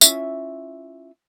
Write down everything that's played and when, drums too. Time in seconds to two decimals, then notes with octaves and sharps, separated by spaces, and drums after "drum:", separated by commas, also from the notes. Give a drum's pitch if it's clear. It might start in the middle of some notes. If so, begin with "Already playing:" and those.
0.01 C#4 E4 F4 E5, drum: tambourine